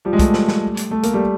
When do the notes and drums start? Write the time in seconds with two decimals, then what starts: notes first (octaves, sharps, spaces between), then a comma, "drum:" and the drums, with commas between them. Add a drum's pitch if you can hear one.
0.05 F3 G3
0.13 G#3
0.19 G3 A3, drum: kick B1, hi-hat
0.34 drum: snare
0.48 drum: snare
0.77 drum: hi-hat
0.91 A3
1.03 A#3, drum: hi-hat
1.14 G3 A3